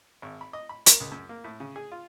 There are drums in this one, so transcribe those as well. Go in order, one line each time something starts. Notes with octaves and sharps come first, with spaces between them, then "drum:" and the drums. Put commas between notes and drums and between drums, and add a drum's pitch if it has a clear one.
G#1
B5
D#5
B5
A#4, drum: hi-hat
C#2
F#2
A#3
A2
C#3
G#4
F4